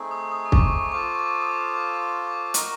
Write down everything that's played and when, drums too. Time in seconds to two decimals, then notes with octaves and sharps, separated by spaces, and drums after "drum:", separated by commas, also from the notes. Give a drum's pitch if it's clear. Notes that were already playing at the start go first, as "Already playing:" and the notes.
Already playing: A3 C4 D#4 G#4
0.11 D#6
0.32 D#6
0.46 C#6
0.52 D6, drum: kick
0.72 C#6
0.92 F4 A4 C5 F5 D6
1.15 C#6
1.19 D6
1.42 D#6
1.47 D6
1.74 D6
2.01 D6
2.27 D6
2.54 D#4 F#4 A#4 D#5, drum: hi-hat